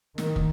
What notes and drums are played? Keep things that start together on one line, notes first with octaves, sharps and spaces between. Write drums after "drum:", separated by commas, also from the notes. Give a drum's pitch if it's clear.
D#3, drum: snare
drum: kick